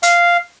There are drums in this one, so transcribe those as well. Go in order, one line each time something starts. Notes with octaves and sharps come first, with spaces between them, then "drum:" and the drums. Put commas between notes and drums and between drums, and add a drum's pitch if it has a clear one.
F5, drum: hi-hat